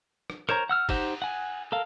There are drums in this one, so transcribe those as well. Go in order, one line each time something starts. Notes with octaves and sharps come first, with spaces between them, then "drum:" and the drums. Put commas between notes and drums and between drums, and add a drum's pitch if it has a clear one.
drum: rim click
A#4 C5 C#5 A#5, drum: rim click
F#5 E6 F6
D#4 G4 C5 F#5, drum: kick, cymbal
F#5 G#5
A4 A#4 F5